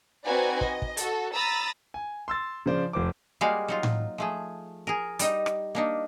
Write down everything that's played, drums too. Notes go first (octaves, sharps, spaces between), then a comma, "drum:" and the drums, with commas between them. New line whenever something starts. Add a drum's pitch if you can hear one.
C4 D#4 F#4 B4 D5 G#5
D#5, drum: kick
drum: kick
F#4 A4, drum: hi-hat
A#5 B5 D#6 E6 A6 A#6
G#5
C6 E6 A6
C#3 F3 C5 D5
F1 C5 D6
G3 G#3 A#3 F#4 G#4 F5
F#3 D#4 F4
drum: tom A2
F3 A3 G#4
G#4 A#4
G3 D#4 D#5, drum: hi-hat
drum: rim click
A#3 D4 D#4